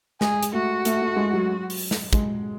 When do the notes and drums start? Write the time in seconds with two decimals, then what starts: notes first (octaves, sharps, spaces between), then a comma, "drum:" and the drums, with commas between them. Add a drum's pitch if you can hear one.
0.21 G#3 G#4, drum: snare
0.43 drum: hi-hat
0.53 A3 F#4
0.85 A3, drum: hi-hat
1.01 A3
1.16 G#3
1.33 F#3
1.70 drum: open hi-hat
1.91 drum: snare
2.13 G#3, drum: kick, hi-hat